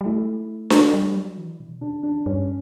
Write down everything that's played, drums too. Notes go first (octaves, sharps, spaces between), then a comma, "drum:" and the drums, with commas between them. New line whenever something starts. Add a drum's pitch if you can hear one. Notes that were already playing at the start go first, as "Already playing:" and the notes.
G3
A3 E4
drum: snare D4
G3
F#3
E3
B2
D3 D4
E3 D4
G2 C#4